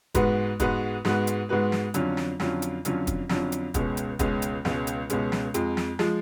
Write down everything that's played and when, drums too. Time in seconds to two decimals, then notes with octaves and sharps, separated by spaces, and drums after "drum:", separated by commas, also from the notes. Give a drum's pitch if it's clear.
0.15 G#2 G#3 B3 F#4 B4, drum: kick, hi-hat
0.60 G#2 G#3 B3 F#4 B4, drum: kick, hi-hat
1.05 G#2 G#3 B3 F#4 B4, drum: snare
1.27 drum: hi-hat
1.49 G#2 G#3 B3 F#4 B4
1.72 drum: snare
1.94 F2 D3 F#3 C#4 F4, drum: hi-hat
2.17 drum: snare
2.40 F2 D3 F#3 C#4 F4, drum: snare
2.62 drum: hi-hat
2.85 F2 D3 F#3 C#4 F4, drum: hi-hat
3.07 drum: kick, hi-hat
3.29 F2 D3 F#3 C#4 F4, drum: snare
3.52 drum: hi-hat
3.74 C#2 B2 G#3 C#4, drum: kick, hi-hat
3.97 drum: hi-hat
4.19 C#2 B2 G#3 C#4, drum: kick, hi-hat
4.42 drum: hi-hat
4.65 C#2 B2 G#3 C#4, drum: snare
4.87 drum: hi-hat
5.10 C#2 B2 G#3 C#4, drum: hi-hat
5.32 drum: snare
5.54 F2 F3 G#3, drum: hi-hat
5.77 drum: snare
5.99 F3 G#3, drum: snare